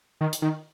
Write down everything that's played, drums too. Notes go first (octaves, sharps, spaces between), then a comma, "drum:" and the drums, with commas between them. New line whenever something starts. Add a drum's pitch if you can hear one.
D#3
drum: hi-hat
D#3